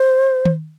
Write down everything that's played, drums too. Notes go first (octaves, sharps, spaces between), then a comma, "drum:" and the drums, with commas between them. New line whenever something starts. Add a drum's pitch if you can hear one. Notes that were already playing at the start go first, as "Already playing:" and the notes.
Already playing: C5
drum: tom D#3